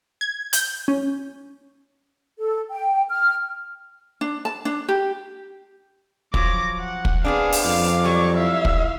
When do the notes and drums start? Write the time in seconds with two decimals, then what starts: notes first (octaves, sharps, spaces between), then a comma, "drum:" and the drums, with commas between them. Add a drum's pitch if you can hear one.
0.21 G#6
0.53 G6, drum: hi-hat
0.88 C#4
2.38 A4
2.71 G5
3.10 F6
4.21 D4
4.45 A5
4.65 D4
4.89 G4
6.34 F3 F#3 D6 A#6, drum: kick
6.80 F#5
7.05 drum: kick
7.25 B3 C4 D4 G#4 F5
7.53 drum: open hi-hat
7.65 F2 F5 D6
8.04 F#3 G3 C#6
8.37 E4 E5 F5
8.65 drum: kick